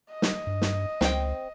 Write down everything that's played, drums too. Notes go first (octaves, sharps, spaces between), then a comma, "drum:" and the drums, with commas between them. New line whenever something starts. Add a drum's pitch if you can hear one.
D#5
drum: snare
G2
drum: snare
C#2 C4 G5, drum: snare